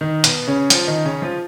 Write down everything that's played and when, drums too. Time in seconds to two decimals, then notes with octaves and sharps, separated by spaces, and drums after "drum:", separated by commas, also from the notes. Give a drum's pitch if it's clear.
0.01 D#3 D#4
0.24 B2 B3, drum: hi-hat
0.48 C#3 C#4
0.70 F3 F4, drum: hi-hat
0.87 D#3 D#4
1.05 C#3 C#4
1.22 F3 F4